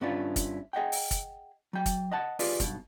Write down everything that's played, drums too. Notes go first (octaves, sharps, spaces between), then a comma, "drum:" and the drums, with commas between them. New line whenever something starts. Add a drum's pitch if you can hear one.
G2 B3 C#4 D4 E4 F4
drum: kick, hi-hat
G#4 D#5 F#5 G5
drum: open hi-hat
drum: kick, hi-hat
F#3 G5
drum: kick, hi-hat
D#5 F#5 A5
F4 G4 G#4 B4 D5, drum: open hi-hat
B1 G2 B2, drum: kick, hi-hat